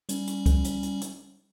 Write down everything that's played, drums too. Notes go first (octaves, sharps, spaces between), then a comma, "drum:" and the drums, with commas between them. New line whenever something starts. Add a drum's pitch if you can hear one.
G3 C#4, drum: hi-hat
drum: hi-hat
drum: kick C#2, hi-hat
drum: hi-hat
drum: hi-hat
drum: hi-hat